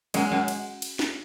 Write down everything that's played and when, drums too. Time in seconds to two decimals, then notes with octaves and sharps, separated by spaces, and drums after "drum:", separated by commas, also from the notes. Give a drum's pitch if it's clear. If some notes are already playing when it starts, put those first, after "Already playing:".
0.14 F#2 G#3, drum: cymbal
0.32 F#2
0.48 drum: cymbal
0.82 drum: cymbal
0.99 drum: snare